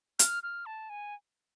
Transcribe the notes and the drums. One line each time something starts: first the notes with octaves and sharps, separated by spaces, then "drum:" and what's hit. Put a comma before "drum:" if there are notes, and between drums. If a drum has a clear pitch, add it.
F6, drum: hi-hat
F6
A5
G#5